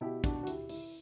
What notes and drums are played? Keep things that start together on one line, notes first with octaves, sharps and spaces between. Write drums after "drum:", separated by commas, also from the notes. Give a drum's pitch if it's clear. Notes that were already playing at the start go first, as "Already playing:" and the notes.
B2 E4 G4
D4 F#4, drum: kick, hi-hat
F#4
E4 G4, drum: hi-hat
E4, drum: open hi-hat